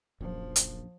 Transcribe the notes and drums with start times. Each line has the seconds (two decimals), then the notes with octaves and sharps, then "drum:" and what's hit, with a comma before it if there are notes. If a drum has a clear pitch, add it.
0.21 D#1 A#1 F#2 F3
0.56 drum: hi-hat